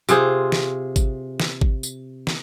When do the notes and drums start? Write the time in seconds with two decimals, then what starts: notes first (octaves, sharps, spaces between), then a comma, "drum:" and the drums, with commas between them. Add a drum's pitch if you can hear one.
0.09 C3 F4 G#4 C5, drum: tambourine
0.52 drum: snare
0.96 drum: kick G#1, tambourine
1.40 drum: snare
1.61 drum: kick G#1
1.83 drum: tambourine
2.27 drum: snare